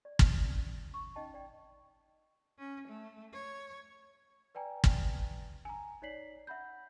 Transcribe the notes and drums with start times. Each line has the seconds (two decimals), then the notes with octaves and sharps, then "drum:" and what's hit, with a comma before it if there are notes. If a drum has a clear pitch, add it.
0.05 D5
0.19 drum: kick
0.44 C#4
0.94 C#6
1.16 C#4 D#4 D#5 G5 A5
1.34 D5 G5
2.59 C#4
2.88 A3
3.33 C#5
4.55 B4 D5 G5 G#5 A#5
4.84 drum: kick
5.65 G#5 A#5
6.02 D#4 C#5 D5 B6 C7 F#7
6.47 E5 F#5 B5 G6